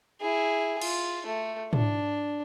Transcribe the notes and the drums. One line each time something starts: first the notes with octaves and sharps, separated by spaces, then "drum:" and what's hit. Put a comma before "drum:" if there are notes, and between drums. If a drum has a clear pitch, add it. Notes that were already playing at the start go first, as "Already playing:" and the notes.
E4 G#4
F4, drum: cymbal
A3
D4, drum: tom